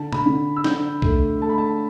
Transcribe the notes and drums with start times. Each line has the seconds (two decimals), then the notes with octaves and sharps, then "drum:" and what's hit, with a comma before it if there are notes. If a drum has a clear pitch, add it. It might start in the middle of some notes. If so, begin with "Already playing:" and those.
Already playing: D3 A5
0.13 B5, drum: tom B2
0.26 D3
0.56 E6
0.64 D3 G6, drum: snare
1.02 A3, drum: kick C2
1.42 A3 A5
1.49 B5
1.58 A5